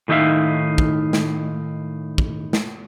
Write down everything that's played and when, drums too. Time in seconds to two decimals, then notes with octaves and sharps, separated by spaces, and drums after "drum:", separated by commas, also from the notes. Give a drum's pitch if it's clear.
0.08 A2 D#3 D#4 G4 E5 F5
0.78 drum: kick
1.13 drum: snare
2.18 drum: kick
2.53 drum: snare